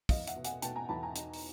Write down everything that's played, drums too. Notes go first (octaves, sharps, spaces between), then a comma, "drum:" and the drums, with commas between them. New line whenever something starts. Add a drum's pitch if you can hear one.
E2 D#5 F5, drum: kick, open hi-hat
E5 F#5, drum: hi-hat
B2
F#5 G#5, drum: hi-hat
B2 G5 A5, drum: hi-hat
G#5 A#5
E2 A5 B5
G#5 A#5
D#4, drum: hi-hat
drum: open hi-hat